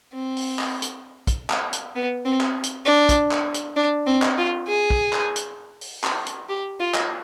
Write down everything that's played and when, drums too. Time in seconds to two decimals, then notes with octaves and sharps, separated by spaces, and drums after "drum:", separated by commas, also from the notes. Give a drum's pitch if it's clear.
0.13 C4
0.37 drum: open hi-hat
0.59 drum: clap
0.82 drum: hi-hat
1.27 drum: kick, hi-hat
1.50 drum: clap
1.73 drum: hi-hat
1.96 B3
2.25 C4
2.41 drum: clap
2.63 drum: hi-hat
2.86 D4
3.09 drum: kick, hi-hat
3.32 drum: clap
3.54 drum: hi-hat
3.76 D4
4.07 C4
4.22 drum: clap
4.38 F4
4.67 G#4
4.90 drum: kick
5.13 drum: clap
5.36 drum: hi-hat
5.81 drum: open hi-hat
6.04 drum: clap
6.26 drum: hi-hat
6.49 G4
6.80 F4
6.95 drum: clap